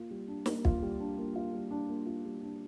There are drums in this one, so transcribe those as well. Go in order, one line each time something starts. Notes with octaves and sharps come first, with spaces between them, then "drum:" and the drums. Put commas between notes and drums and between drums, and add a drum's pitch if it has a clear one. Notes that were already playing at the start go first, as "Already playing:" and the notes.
Already playing: A#3 F4
G3
D4
A#3, drum: snare
F4, drum: kick
G3
D4
A#3
F4
G3
D4
A#3
F4
G3
D4